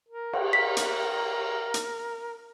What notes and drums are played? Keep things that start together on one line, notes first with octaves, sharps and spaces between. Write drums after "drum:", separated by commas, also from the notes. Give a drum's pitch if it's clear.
A#4
drum: cymbal
A#4 B6
drum: hi-hat
drum: hi-hat